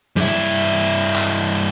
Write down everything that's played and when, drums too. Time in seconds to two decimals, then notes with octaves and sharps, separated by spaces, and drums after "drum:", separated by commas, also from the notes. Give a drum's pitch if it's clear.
0.16 G2 E4, drum: snare
1.15 drum: clap